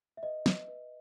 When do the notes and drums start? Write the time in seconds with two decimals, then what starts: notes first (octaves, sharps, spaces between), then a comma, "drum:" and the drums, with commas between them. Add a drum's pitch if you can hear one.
0.17 E5
0.23 B4 D#5
0.46 B4, drum: snare
0.68 B4